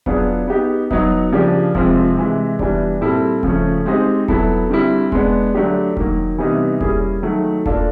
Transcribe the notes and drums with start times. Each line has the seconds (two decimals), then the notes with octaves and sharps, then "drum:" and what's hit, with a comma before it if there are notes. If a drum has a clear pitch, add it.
0.06 F#3 B3 D4 F4 G#4, drum: kick E1
0.48 B3 D#4 G4
0.91 F#3 B3 D#4, drum: kick E1
1.32 C#3 F3 A#3 D4 G4
1.75 C3 F3 G#3 C4 F4, drum: kick E1
2.17 C3 E3 G#3
2.59 E3 G3 B3 D4, drum: kick E1
3.01 A#2 G3 C4 E4 A4
3.43 C#3 F3 A3 C#4, drum: kick E1
3.86 G#3 C4 D#4 G4 C5
4.28 F#3 B3 E4 A4, drum: kick E1
4.70 D3 G3 C4 E4
5.12 G#3 B3 D4, drum: kick E1
5.54 D3 F#3 A3 D4 G4
5.97 D#3 F#3 A#3, drum: kick E1
6.38 C3 E3 G3 B3 D#4
6.81 G3 A#3 C#4 E4 G#4, drum: kick E1
7.23 D#3 F#3 A3
7.66 A#3 D4 F4 A4, drum: kick E1